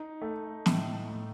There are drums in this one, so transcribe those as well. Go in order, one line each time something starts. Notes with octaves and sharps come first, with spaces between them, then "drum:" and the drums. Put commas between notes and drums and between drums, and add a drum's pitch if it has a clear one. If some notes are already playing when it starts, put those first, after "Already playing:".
Already playing: D#4
A3
A2, drum: snare
A2